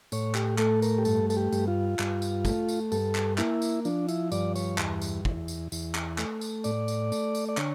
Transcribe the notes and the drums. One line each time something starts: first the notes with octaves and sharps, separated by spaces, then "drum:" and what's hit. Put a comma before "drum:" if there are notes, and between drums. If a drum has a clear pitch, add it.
A2 C#5, drum: tambourine
G4, drum: clap
A3 A4, drum: clap
A#4, drum: tambourine
G4
G2 A4, drum: tambourine
A4, drum: tambourine
G4
G2, drum: tambourine
F4
G2, drum: clap
drum: tambourine
A3, drum: kick, tambourine
drum: tambourine
G2 A4, drum: tambourine
drum: clap
A#3 E4, drum: clap
drum: tambourine
F3 D4, drum: tambourine
E4, drum: tambourine
G2 D5, drum: tambourine
C#5, drum: tambourine
E2, drum: clap
drum: tambourine
E2, drum: kick
drum: tambourine
E2, drum: tambourine
drum: clap
A3, drum: clap
drum: tambourine
A2 D5, drum: tambourine
drum: tambourine
A3, drum: tambourine
drum: tambourine
D5
D3 C#5, drum: clap